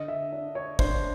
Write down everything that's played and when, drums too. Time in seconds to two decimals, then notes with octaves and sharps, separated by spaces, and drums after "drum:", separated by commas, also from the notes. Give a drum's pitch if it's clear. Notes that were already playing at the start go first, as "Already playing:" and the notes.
Already playing: D3 D#5
0.08 E5
0.32 D4
0.55 C#5
0.79 D4 C5, drum: kick